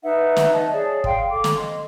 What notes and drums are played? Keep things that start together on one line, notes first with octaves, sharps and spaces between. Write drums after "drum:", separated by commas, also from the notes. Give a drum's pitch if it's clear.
D#4 B4 E5 F#5
drum: snare
D#5 A5
G#4 C#5 D5
F5 G5 C6, drum: kick
A4 D6
drum: snare
D#5 C6